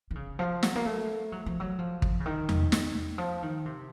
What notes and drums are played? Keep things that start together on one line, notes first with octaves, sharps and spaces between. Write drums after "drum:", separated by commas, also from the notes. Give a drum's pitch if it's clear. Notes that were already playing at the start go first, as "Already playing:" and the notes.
D#3
C#3
F3
F#3, drum: snare
A#3
A3
F#3
F3
F#3
F3
drum: kick
C#3
D#3
drum: tom E2
drum: snare
F3
D#3
C3